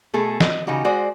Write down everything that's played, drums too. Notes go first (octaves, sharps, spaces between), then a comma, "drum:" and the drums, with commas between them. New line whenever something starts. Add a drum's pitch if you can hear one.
B2 A3 G#4 A4
D#5, drum: snare
C#3 E3 D#4 F#4 G4
G#3 F#4 C5 D5